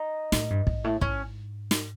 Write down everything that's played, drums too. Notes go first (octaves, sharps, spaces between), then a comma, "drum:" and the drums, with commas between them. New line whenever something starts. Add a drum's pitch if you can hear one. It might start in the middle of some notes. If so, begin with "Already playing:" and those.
Already playing: D#4
A2, drum: snare
G2
G#2, drum: kick
A2
G#2 C#4, drum: kick
drum: snare